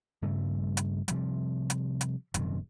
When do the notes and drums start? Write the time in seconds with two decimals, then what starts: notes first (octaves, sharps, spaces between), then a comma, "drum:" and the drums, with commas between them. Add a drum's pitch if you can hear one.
0.22 G2 C#3 G3 A3
0.77 drum: hi-hat
1.08 C3 F3 G3, drum: hi-hat
1.70 drum: hi-hat
2.01 drum: hi-hat
2.34 D#1 F#2 C3 D#3, drum: hi-hat